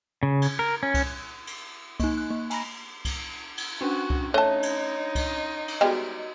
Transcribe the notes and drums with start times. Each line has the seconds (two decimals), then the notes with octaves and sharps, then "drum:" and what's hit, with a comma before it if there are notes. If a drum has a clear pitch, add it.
0.23 C#3
0.42 drum: cymbal
0.59 A#4
0.83 C#4
0.94 drum: kick C2, cymbal
1.47 drum: cymbal
2.00 A#3 D#4, drum: kick C2, cymbal
2.17 F#6
2.30 A#3
2.50 G#5 A#5 B5 A#6, drum: cymbal
3.05 drum: kick C2, cymbal
3.57 drum: cymbal
3.81 C#4 D4 F#4
4.10 drum: kick C2
4.34 A3 D#4 C#5 A5
4.63 drum: cymbal
5.15 drum: kick C2, cymbal
5.68 drum: cymbal
5.81 G3 G#3 B3 F#4 D#5